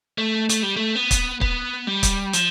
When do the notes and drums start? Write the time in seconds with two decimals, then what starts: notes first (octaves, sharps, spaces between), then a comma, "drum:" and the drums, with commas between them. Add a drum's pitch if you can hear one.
0.18 A3
0.49 A3, drum: hi-hat
0.63 G3
0.76 A3
0.95 B3
1.11 drum: kick, hi-hat
1.41 B3, drum: kick
1.87 G3
2.03 drum: kick, hi-hat
2.33 F3, drum: hi-hat